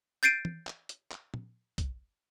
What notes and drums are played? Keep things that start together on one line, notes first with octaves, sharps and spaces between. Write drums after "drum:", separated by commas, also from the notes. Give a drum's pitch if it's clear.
G6 A6 C7 D7 D#7
drum: tom
drum: clap
drum: hi-hat
drum: clap
drum: tom
drum: kick, hi-hat